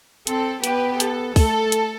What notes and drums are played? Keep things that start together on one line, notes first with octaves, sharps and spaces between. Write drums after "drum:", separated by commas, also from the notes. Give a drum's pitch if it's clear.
C4 A4, drum: hi-hat
B3 G4 B4, drum: hi-hat
A4, drum: hi-hat
A3 A4, drum: kick, open hi-hat
drum: hi-hat